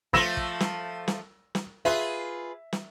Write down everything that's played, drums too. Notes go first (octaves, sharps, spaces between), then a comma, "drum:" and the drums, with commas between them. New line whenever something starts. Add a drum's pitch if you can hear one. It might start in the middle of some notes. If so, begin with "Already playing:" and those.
F3 A3 F4 E6 A#6 E7, drum: kick
drum: kick
drum: snare
drum: snare
drum: snare
F4 G#4 B4 E5
drum: snare